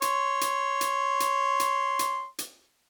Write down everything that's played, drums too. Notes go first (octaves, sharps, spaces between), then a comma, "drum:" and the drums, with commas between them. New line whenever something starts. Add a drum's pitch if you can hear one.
C#5 C6, drum: hi-hat
drum: hi-hat
drum: hi-hat
drum: hi-hat
drum: hi-hat
drum: hi-hat
drum: hi-hat